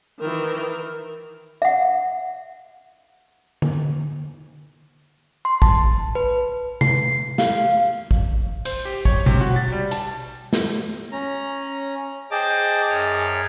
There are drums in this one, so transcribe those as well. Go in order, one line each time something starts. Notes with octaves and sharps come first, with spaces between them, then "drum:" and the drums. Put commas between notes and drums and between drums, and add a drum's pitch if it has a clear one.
D#3 E3 A#4
E5 F#5
drum: tom D3
C6
A5, drum: kick A1
B4
C7, drum: tom C3
F5, drum: snare
drum: kick A1
C5, drum: cymbal
G4
C#5, drum: kick A1
C3, drum: tom B2
F#4
A6
G3
A5, drum: hi-hat
drum: snare
C#4 A#5
G#4 C5 D#5 G5 A5 D6
F#2 C#5